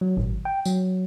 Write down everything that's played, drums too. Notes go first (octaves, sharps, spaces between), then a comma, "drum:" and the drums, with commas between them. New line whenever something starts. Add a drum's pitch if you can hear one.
F#3
G#1, drum: tom A#2
G5
F#3, drum: tambourine